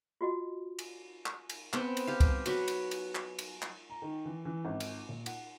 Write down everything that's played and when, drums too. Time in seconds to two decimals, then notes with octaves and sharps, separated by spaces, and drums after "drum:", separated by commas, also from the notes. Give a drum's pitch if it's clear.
0.21 F4 F#4 D#5
0.79 drum: cymbal
1.26 drum: clap
1.50 drum: cymbal
1.73 B3 C4, drum: clap
1.97 drum: cymbal
2.07 G4 F5
2.20 drum: kick, cymbal
2.46 F#3 F#4 B4, drum: cymbal
2.68 drum: cymbal
2.91 drum: cymbal
3.15 drum: clap
3.39 drum: cymbal
3.62 drum: clap
3.90 A#5
4.02 D#3
4.25 E3
4.45 E3
4.65 G#1
4.80 drum: cymbal
5.09 A#2
5.26 F#5, drum: cymbal